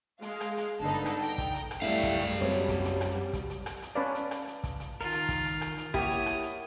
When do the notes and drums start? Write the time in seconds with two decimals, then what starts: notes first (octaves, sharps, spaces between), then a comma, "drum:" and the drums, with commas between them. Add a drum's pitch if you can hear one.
0.22 G#3 F5, drum: hi-hat
0.41 drum: rim click
0.57 drum: hi-hat
0.81 G1 D3 D#4 A4 B4
1.06 drum: rim click
1.22 G5 A#5, drum: hi-hat
1.38 drum: kick, hi-hat
1.54 drum: hi-hat
1.71 drum: rim click
1.82 F#2 G3 A3 E4 E5 F5
2.03 drum: kick, hi-hat
2.20 drum: hi-hat
2.41 F#3 G3 C4 B4 C#5
2.52 drum: hi-hat
2.68 drum: kick, hi-hat
2.85 drum: hi-hat
3.01 drum: rim click
3.33 drum: kick, hi-hat
3.50 drum: hi-hat
3.66 drum: rim click
3.82 drum: hi-hat
3.95 C#4 B4 D5 F5 A5 A#5
4.15 drum: hi-hat
4.31 drum: rim click
4.47 drum: hi-hat
4.64 drum: kick, hi-hat
4.80 drum: hi-hat
5.01 D#3 F4 A#4
5.12 drum: hi-hat
5.29 drum: kick, hi-hat
5.45 drum: hi-hat
5.61 drum: rim click
5.77 drum: hi-hat
5.94 A#3 E4 G4 A#4 C#5 F#5 D#6, drum: kick, hi-hat
6.10 drum: hi-hat
6.26 drum: rim click
6.43 drum: hi-hat